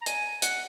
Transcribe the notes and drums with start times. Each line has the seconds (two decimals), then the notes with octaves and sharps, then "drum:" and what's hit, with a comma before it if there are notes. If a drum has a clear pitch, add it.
0.02 A#5
0.06 G#5, drum: hi-hat
0.42 F#5, drum: hi-hat